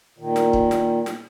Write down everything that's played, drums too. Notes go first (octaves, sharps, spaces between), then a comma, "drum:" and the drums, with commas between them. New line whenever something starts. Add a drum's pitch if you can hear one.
A#2 D#3
drum: snare
drum: kick
drum: snare
drum: snare